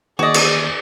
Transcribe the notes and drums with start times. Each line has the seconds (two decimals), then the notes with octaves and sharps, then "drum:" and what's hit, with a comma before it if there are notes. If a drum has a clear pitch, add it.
0.19 D#3 A#3 F#4 G#4 D5 D#5 G#6
0.34 drum: cymbal